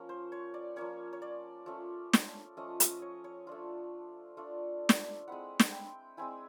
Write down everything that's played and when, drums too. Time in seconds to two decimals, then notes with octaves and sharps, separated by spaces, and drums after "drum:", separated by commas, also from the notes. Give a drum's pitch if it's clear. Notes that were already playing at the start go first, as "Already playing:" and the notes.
Already playing: F3 A#3 C#4
0.09 C5
0.32 C#5
0.54 D5
0.76 F3 A#3 C#4 C#5
1.13 C#5
1.22 D5
1.66 F3 A3 C#4
2.13 drum: snare
2.57 F3 A3 C#4 D#5
2.80 D#5, drum: hi-hat
3.02 C#5
3.24 C#5
3.47 A3 D4 F4 C5
4.37 A3 D4 F4
4.89 drum: snare
5.28 G#3 C4 E4 F#5
5.60 drum: snare
5.72 G5
6.17 G#3 C4 E4 G#5